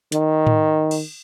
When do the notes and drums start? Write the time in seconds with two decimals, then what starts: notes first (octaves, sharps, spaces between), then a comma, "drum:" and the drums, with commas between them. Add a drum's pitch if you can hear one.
0.12 D#3, drum: hi-hat
0.47 drum: tom A2
0.91 drum: cymbal